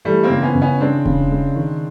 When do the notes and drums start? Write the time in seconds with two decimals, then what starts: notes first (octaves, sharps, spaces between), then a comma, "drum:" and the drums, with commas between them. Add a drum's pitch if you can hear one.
0.05 E3 G3 A3
0.23 A#3 C4
0.30 C#3
0.43 B3 C#4
0.55 C#3
0.62 B3 C#4
0.81 G#3 C4 D4
1.06 C#3, drum: kick E1
1.31 G#3
1.55 D#3